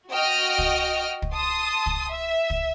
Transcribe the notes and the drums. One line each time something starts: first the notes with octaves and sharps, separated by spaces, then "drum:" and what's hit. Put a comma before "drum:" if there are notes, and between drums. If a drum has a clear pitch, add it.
F#4 D#5 G5 F6
drum: kick
drum: kick
A5 C6 D#6
drum: kick
E5
drum: kick